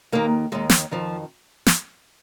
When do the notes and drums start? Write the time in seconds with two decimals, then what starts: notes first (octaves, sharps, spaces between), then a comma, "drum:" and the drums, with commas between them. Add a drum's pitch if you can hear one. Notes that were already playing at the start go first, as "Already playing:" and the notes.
0.12 D#2 D#3 A#3
0.52 D#2 D#3 G#3
0.70 drum: snare
0.91 F2 D#3 F3
1.66 drum: snare